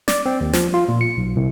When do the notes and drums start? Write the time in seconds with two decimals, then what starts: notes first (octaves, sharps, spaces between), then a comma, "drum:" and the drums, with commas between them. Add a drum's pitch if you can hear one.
0.08 D5, drum: snare
0.26 C4
0.41 D#2
0.53 F3, drum: snare
0.74 F4
0.88 A#2
1.01 C#7
1.17 B1
1.36 C2